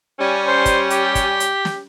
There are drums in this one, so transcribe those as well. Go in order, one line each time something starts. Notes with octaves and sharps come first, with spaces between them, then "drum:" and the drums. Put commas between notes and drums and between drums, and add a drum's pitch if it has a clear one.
G3 C#4
C5
drum: kick, hi-hat
G4, drum: hi-hat
drum: kick, hi-hat
drum: hi-hat
drum: snare